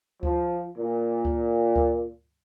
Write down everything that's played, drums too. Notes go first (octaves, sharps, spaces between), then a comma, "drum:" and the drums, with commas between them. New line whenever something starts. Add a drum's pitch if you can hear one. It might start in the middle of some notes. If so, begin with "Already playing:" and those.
F3, drum: kick D2
A#2
drum: kick D2
drum: kick D2